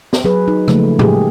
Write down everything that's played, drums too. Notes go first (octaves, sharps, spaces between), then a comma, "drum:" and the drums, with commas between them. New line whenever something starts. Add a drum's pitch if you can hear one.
drum: snare
F#3 G#4 B4
D#4
C#3 F3 A3 A#3, drum: rim click
G#3 G4 G#4, drum: tom A2